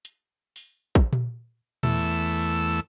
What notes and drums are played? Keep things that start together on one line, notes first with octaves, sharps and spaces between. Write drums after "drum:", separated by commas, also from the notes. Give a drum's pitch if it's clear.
drum: hi-hat
drum: open hi-hat
drum: kick
drum: tom A#2
E2 A3 E6, drum: tom A#2